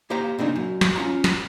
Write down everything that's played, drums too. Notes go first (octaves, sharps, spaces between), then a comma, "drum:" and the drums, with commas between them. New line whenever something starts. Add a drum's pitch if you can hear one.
A#3 G4 C5 F5 A#5
A#2 C#3 E3 C4 D4 D#4
F#2
drum: snare
C#4 F4 A#5
drum: snare